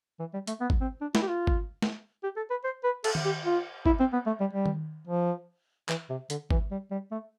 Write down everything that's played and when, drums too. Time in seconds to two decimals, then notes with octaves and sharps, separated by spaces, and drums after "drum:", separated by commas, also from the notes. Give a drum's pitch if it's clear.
0.20 E3
0.33 G3
0.47 A3, drum: hi-hat
0.61 B3
0.70 drum: kick G#1
0.81 C4
1.01 D4
1.15 E4, drum: snare
1.22 G4
1.28 F4
1.47 drum: kick G#1
1.82 drum: snare
2.23 G4
2.36 A4
2.50 B4
2.64 C5
2.84 B4
3.04 A4, drum: cymbal
3.15 drum: tom D#3
3.25 G4
3.45 F4
3.86 E4, drum: kick G#1
4.00 C4
4.13 B3
4.26 A3
4.40 G3
4.53 G3
4.66 drum: tom D#3
5.07 F3
5.89 E3, drum: clap
6.10 C3
6.30 D3, drum: hi-hat
6.51 E3, drum: kick G#1
6.71 G3
6.91 G3
7.11 A3